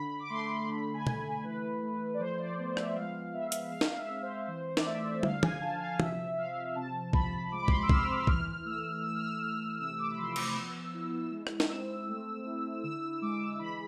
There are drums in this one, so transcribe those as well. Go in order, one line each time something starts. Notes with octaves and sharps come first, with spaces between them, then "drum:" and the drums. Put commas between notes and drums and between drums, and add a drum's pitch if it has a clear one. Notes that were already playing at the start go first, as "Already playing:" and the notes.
Already playing: D3 B5
D6
A3 C6
D3 B5
G#5
A3, drum: tom
E3 B4
A3
D5
F3 C5
D5
B3
E5, drum: rim click
G#3 F5
B3 E5
drum: hi-hat
G#3 F5
drum: snare
E5
C4
C5
E3 C5
C5
D5, drum: snare
A3 E5
D3 F5, drum: tom
G#5, drum: tom
F3 A5
F5
C3 E5, drum: tom
F3 F5
C3 A5
F3 B5, drum: kick
G#3 D6
B5
C6, drum: kick
D6
E6
C4 F6, drum: kick
E3 F6, drum: kick
A3 E6
E3 E6
F6
E6
A3 F6
C3 E6
D6
B5
F3 C6
E6, drum: cymbal
B3
E4
G#3
drum: rim click
drum: snare
C4 E6
A3
E4
D3 E6
G#3 D6
E3 B5